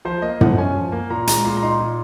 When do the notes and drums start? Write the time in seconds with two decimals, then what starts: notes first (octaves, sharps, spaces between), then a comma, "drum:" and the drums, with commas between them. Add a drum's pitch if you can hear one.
0.05 F3 C5
0.22 A#3 D#5
0.41 F3 F#5, drum: tom
0.58 C#4 G#5
0.75 F3
0.92 A#3
1.10 A#2 A#5
1.27 G#3 A#5, drum: hi-hat
1.45 A#2 C6
1.57 A#5
1.63 D#4 C6
1.81 A#2